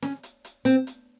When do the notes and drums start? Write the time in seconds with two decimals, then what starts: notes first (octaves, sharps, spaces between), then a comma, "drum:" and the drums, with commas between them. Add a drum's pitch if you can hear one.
0.02 C#4, drum: snare
0.23 drum: hi-hat
0.44 drum: hi-hat
0.65 C4, drum: hi-hat
0.87 drum: hi-hat